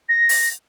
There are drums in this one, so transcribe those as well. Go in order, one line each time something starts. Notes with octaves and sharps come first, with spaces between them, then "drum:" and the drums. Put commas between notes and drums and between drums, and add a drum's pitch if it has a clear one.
A#6
drum: open hi-hat